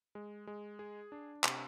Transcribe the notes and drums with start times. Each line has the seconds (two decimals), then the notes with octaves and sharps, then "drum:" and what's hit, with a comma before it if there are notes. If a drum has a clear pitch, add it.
0.15 G#3
0.47 G#3
0.79 G#4
1.12 D4
1.44 C3, drum: clap